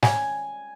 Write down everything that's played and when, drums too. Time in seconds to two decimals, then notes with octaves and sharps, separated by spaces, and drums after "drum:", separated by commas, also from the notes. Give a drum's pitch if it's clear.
0.03 G#5, drum: snare